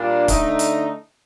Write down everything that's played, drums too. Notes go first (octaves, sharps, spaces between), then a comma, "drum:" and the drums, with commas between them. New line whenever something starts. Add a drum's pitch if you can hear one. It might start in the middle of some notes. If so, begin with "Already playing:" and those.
Already playing: A#2 G3 A#3 D4
D3 A3 D#4, drum: kick C#1, hi-hat
drum: hi-hat